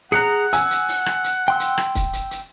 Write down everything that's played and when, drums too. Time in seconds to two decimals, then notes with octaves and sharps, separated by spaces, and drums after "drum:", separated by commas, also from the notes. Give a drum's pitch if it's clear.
0.12 G#4 F#5 A#5 F#6 C#7
0.53 G#5 E6, drum: hi-hat
0.71 drum: hi-hat
0.88 drum: open hi-hat
1.06 drum: rim click
1.24 drum: hi-hat
1.48 G5 C6 E6
1.60 drum: hi-hat
1.78 drum: rim click
1.95 drum: kick, hi-hat
2.13 drum: hi-hat
2.31 drum: hi-hat